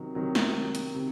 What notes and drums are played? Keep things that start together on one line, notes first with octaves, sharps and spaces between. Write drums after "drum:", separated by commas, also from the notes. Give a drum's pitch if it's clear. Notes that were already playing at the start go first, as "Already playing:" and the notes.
Already playing: C3 D#3 F#3
C3 D#3 F#3
drum: snare
drum: hi-hat
C3